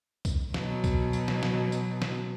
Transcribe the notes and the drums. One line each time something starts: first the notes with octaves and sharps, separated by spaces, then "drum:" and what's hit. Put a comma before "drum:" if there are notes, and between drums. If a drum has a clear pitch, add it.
drum: kick C2, tambourine
B2 F#3, drum: snare
drum: kick C2, tambourine
drum: tambourine
drum: snare
drum: snare
drum: tambourine
drum: snare